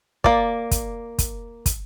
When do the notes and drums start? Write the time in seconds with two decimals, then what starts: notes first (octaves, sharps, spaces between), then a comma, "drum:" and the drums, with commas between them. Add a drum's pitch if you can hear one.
0.24 A#3 D5, drum: kick
0.71 drum: kick, hi-hat
1.19 drum: kick, hi-hat
1.66 drum: kick, hi-hat